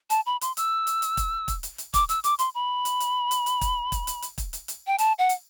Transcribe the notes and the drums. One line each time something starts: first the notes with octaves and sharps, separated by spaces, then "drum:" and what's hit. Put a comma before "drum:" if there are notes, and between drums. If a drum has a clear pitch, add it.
A5, drum: hi-hat
B5
C6, drum: hi-hat
E6, drum: hi-hat
drum: hi-hat
drum: hi-hat
drum: kick, hi-hat
drum: kick, hi-hat
drum: hi-hat
drum: hi-hat
D6, drum: kick, hi-hat
E6, drum: hi-hat
D6, drum: hi-hat
C6, drum: hi-hat
B5
drum: hi-hat
drum: hi-hat
drum: hi-hat
drum: hi-hat
drum: kick, hi-hat
drum: kick, hi-hat
drum: hi-hat
drum: hi-hat
drum: kick, hi-hat
drum: hi-hat
drum: hi-hat
G5
A5, drum: hi-hat
F#5
drum: hi-hat